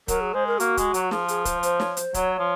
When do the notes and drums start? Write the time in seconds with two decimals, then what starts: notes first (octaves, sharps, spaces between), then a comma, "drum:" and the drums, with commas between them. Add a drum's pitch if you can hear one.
0.08 F#3 A#4, drum: kick C#1, hi-hat
0.21 G#4
0.34 G#3 C5
0.47 A#4
0.60 A#3 F#4, drum: hi-hat
0.77 G#3, drum: kick C#1, hi-hat
0.94 F#3, drum: hi-hat
1.11 F3 G#4, drum: snare
1.28 G#4, drum: hi-hat
1.45 C5, drum: kick C#1, hi-hat
1.63 C5, drum: hi-hat
1.80 C#5, drum: snare
1.97 C5, drum: hi-hat
2.14 F#3 C#5, drum: kick C#1, hi-hat
2.39 F3